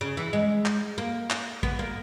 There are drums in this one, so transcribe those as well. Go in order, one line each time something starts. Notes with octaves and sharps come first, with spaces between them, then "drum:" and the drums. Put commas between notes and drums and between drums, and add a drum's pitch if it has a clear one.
C#3
E3
G#3
drum: clap
A#3
drum: clap
B3, drum: kick
A#3